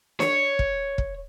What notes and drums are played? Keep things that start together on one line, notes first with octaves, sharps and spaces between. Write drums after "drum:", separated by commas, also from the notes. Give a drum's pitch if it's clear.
C#5, drum: snare
drum: kick
drum: kick